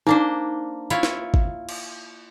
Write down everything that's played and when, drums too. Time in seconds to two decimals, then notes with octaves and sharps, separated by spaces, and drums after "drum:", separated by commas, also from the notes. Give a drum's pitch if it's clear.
0.07 A#3 D4 D#4 C5
0.90 E4 F4 C#5, drum: hi-hat
1.03 drum: snare
1.34 drum: kick G#1
1.69 drum: cymbal